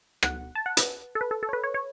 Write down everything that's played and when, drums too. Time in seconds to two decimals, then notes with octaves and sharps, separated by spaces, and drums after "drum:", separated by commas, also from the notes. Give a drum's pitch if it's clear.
0.23 F#5, drum: rim click
0.55 A5
0.66 F#5
0.77 B4, drum: hi-hat
1.15 A4
1.21 B4
1.31 A4
1.43 A4
1.49 C#5
1.53 B4
1.64 C#5
1.74 C#5